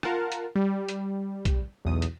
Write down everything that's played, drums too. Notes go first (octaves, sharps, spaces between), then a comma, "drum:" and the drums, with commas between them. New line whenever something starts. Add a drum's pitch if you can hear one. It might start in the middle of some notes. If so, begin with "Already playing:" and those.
F4 A#4 F5 F#5 A5, drum: rim click
drum: hi-hat
G3
drum: hi-hat
drum: kick, hi-hat
B1 E2 D#6
drum: hi-hat